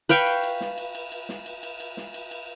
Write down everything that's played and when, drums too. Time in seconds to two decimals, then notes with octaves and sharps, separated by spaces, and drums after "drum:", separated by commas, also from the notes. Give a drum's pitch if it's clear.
0.09 B4 F5 G5 C#6, drum: cymbal
0.26 drum: cymbal
0.44 drum: cymbal
0.61 drum: snare
0.78 drum: cymbal
0.95 drum: cymbal
1.12 drum: cymbal
1.29 drum: snare
1.46 drum: cymbal
1.63 drum: cymbal
1.80 drum: cymbal
1.97 drum: snare
2.14 drum: cymbal
2.31 drum: cymbal